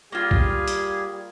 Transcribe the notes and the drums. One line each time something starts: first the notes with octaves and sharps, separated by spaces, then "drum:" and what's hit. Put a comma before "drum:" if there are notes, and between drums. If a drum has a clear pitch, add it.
G3 A#3 F4 G4 G#4
drum: kick B1
drum: hi-hat